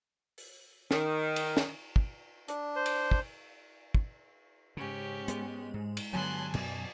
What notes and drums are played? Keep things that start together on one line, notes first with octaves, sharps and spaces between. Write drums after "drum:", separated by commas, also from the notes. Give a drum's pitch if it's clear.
drum: open hi-hat
D#3, drum: snare
drum: cymbal
drum: snare
drum: kick
D4, drum: hi-hat
C5
drum: cymbal
drum: kick
drum: kick
G#2 C#3 C#4 G4
G#3 B3, drum: hi-hat
G#2
drum: cymbal
G2 D3 F#3 B3 G#5 A5 C6 F#6
F#2 B2 D5, drum: cymbal